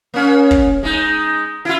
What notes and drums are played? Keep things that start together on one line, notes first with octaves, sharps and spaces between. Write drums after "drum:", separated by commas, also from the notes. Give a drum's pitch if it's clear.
A#3 C#4
drum: kick
G#3 D#4
E4 F4